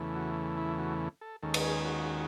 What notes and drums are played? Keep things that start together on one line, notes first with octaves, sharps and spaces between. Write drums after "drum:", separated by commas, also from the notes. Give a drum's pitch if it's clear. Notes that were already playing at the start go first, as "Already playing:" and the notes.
Already playing: E2 C#3 E3 A3
F#4
E4
F#4
A4
D#2 D#3 G#3 C#4 A4
drum: cymbal
G#4
F#4